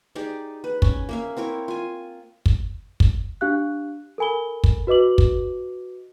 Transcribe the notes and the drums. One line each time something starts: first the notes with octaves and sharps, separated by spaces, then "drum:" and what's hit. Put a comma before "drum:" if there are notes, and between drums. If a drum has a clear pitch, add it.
D#4 G4 G#4 D5
B4
C#4, drum: kick
A#3 E5 F5
C4 E4 A#4 C#5
F4 G#5
drum: kick
drum: kick
D4 G4 F5 F#6
A4 A#4 G#5 B5 G7
drum: kick
F#4 B4 D#5 D6 F#7
drum: kick